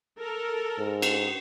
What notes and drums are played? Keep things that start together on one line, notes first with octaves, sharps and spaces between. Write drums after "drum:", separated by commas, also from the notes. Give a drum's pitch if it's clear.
A4 A#4
G#2
drum: cymbal